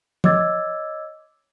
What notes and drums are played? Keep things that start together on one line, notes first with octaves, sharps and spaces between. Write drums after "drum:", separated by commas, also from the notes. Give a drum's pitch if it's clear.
C#5 D#5 D6 E6 G#6 A6, drum: tom